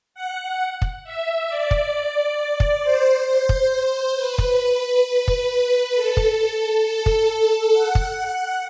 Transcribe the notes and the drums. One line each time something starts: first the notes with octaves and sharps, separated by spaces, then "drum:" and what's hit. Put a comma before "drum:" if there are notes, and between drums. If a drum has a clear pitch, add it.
F#5
drum: kick
E5
D5
drum: kick
drum: kick
C5
C5
drum: kick
B4
drum: kick
B4
drum: kick
A4
drum: kick
A4
drum: kick
F#5
drum: kick